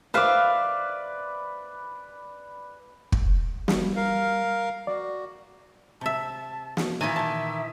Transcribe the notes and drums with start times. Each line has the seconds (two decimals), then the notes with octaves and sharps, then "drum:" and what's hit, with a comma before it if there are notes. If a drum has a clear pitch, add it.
0.14 B4 C5 D5 E5 F5
3.12 drum: kick
3.68 G3, drum: snare
3.96 A#4 F5
4.87 F#4 D5
6.01 C3 E5 A5
6.77 drum: snare
7.01 A#2 D#3 E3 A#3 E5 G#5
7.16 A#2 A5